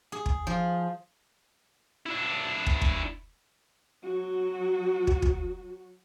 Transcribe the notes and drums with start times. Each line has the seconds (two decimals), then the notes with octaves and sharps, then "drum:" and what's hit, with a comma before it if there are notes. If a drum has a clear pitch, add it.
0.12 G#4
0.26 drum: kick
0.47 F3
2.06 D4 E4
2.66 drum: kick
2.81 drum: kick
4.03 F#3 F#4
5.07 drum: kick
5.22 drum: kick